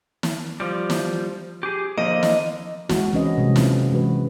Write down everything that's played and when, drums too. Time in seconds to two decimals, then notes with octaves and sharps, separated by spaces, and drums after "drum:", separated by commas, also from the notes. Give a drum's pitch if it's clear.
0.23 drum: snare
0.60 F3 G3
0.90 drum: snare
1.63 G4 G#4
1.97 D3 F3 A#3 D#5
2.23 drum: snare
2.89 G#3 F#4, drum: snare
3.13 E3 C4 C#4 B4 D#5
3.38 C3 F#3 G#3
3.56 C4 D4 F4, drum: snare
3.91 E3 G#3 C#4 F#4 B4